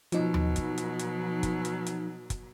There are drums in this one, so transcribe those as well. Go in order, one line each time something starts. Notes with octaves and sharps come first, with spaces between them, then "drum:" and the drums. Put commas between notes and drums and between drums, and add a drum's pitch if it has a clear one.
B2 F3 F#3 D#4, drum: hi-hat
drum: tom D#2
drum: kick, hi-hat
drum: hi-hat
drum: hi-hat
drum: kick, hi-hat
drum: hi-hat
drum: hi-hat
drum: kick, hi-hat